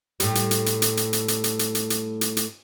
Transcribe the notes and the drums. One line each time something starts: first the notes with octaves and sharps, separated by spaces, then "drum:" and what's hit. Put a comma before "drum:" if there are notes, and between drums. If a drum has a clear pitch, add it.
A2 G3, drum: hi-hat
drum: hi-hat
drum: hi-hat
drum: hi-hat
drum: hi-hat
drum: hi-hat
drum: hi-hat
drum: hi-hat
drum: hi-hat
drum: hi-hat
drum: hi-hat
drum: hi-hat
drum: hi-hat
drum: hi-hat